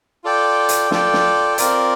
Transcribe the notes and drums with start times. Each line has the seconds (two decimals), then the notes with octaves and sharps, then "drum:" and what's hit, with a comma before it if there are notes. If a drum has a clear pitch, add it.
0.24 F4 A4 D5 G5
0.69 drum: hi-hat
0.91 F4 A4 D5 G5, drum: snare
1.13 drum: snare
1.58 C4 F4 A#4 D5, drum: hi-hat